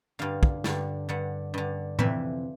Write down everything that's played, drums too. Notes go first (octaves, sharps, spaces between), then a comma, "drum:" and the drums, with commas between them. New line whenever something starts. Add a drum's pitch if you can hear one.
G2 D3 F5
drum: kick
G2 D3, drum: snare
G2 D3 F#5
G2 D3
F2 C3 E3 E5, drum: tom A2